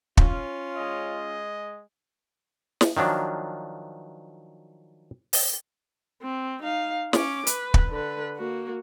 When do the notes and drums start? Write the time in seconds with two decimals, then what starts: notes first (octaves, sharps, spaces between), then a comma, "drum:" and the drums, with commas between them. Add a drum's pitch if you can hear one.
0.17 C#4 F4, drum: kick
0.77 G#3 G#4 D#5
2.81 drum: snare
2.97 D#3 F3 F#3 D4
5.33 drum: open hi-hat
6.22 C4
6.63 D#4 F5
7.13 C#4 D6, drum: snare
7.47 B4, drum: hi-hat
7.74 drum: kick
7.89 D3 B4
8.36 A#3 F#4